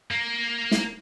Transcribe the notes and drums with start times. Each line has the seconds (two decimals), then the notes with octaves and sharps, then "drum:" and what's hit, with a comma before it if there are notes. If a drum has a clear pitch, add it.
0.11 A#3
0.71 drum: snare